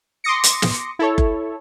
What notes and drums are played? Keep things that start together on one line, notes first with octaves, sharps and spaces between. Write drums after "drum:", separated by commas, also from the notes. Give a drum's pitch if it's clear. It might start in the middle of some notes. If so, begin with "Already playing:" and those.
C6 D6 D#6 A#6 C#7
drum: hi-hat
drum: snare
E4 A4 C#5
drum: kick F#1